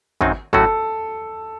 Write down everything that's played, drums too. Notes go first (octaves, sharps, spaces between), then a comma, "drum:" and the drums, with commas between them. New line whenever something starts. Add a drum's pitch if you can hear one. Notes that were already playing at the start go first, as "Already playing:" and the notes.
F#2 D#3 F#3 C4 D#4, drum: kick
A2 F#3 A3 C#4 F#4 A4, drum: kick